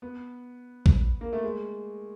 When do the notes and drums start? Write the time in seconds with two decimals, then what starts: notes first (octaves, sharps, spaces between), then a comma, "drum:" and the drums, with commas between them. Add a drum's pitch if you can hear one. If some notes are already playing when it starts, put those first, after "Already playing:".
0.02 B3
0.86 drum: kick A1
1.21 A#3
1.33 A3
1.43 G#3